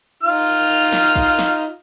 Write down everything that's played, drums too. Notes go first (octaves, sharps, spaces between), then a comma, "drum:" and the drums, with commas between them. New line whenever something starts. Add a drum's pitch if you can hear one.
D#4 F4 F6
drum: snare
drum: kick A1
drum: snare